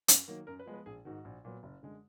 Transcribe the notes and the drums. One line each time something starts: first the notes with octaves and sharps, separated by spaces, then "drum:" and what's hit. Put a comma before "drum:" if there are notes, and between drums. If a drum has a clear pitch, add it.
F#2, drum: hi-hat
D#3 F#3 A#3
F#2 A#4
B4
F3 G#3 B3
B4
A#1 G#4
G#2 D#3 F#4
A#1
A#2 F#3 B3
F#1
F#2 D3 G#3